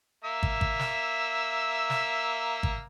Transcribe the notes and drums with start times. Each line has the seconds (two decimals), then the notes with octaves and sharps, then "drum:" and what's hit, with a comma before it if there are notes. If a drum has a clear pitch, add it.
0.24 A#3 E5 E6
0.43 drum: kick
0.61 drum: kick
0.79 drum: snare
1.90 drum: snare
2.63 drum: kick